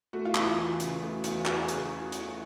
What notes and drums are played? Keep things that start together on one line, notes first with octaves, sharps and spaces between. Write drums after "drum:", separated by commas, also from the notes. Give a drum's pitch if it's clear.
A3 F#4
F4
E2 E4, drum: clap
F4
E3
C#3, drum: hi-hat
A3
E2, drum: hi-hat
E3 F#4, drum: clap
G#4
C#3, drum: hi-hat
drum: hi-hat